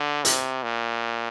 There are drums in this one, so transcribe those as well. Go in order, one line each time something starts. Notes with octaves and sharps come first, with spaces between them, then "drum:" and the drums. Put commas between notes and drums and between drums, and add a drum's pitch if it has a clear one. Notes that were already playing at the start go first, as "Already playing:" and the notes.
Already playing: D3
C3, drum: hi-hat
A#2